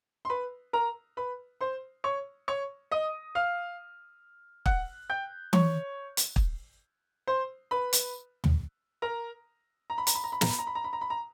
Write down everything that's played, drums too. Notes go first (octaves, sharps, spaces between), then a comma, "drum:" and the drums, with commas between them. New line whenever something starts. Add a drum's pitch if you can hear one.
C6
B4 B5
A#4 A#5
B4 B5
C5 C6
C#5 C#6
C#5 C#6
D#5 D#6
F5 F6
F#5 F#6, drum: kick
G5 G6
C#5 C#6, drum: tom E3
drum: hi-hat
drum: kick
C5 C6
B4 B5
drum: hi-hat
drum: tom
A#4 A#5
A#5
B5
A#5, drum: hi-hat
B5
A#5
B5
A#5, drum: snare
B5
A#5
B5
A#5
B5
A#5
B5
A#5